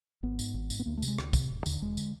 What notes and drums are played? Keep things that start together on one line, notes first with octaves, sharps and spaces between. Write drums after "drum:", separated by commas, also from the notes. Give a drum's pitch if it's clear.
G#1 B3
G#2, drum: tambourine
G#1
G#2, drum: tambourine
B3
D2 A#3
A3
C3, drum: tambourine
G#3
D2, drum: rim click
C3, drum: kick, tambourine
E1
D#2 D3, drum: tambourine
E1 G#3
D3, drum: tambourine